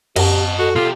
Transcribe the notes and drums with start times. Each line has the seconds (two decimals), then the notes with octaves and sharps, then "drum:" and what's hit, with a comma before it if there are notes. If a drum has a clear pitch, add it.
0.16 F#2 G4 D#5 A5, drum: cymbal
0.59 F#4 A4
0.76 B2 F4 G4